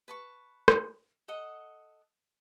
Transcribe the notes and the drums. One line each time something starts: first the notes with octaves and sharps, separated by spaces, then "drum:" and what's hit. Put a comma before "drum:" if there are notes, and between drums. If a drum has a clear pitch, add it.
B4 A5 C#6
drum: rim click
A4 D#5 F#5